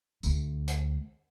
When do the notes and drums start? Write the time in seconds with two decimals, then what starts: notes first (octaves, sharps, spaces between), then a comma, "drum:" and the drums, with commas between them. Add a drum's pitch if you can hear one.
0.23 D2, drum: tambourine
0.68 drum: hi-hat